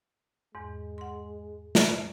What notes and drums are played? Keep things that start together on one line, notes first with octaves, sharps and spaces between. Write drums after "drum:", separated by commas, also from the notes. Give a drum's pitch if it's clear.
E2 G#2 G#3
F#5 C6
A#4, drum: snare